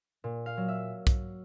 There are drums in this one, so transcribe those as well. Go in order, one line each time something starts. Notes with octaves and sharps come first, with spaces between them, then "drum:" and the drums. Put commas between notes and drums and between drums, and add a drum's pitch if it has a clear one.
A#2
F5
F#3
E5
drum: kick, hi-hat